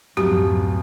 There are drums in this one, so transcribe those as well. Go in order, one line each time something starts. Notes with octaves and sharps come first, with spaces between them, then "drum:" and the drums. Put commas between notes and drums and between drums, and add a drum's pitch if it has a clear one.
D1 F#2 G4, drum: tom F3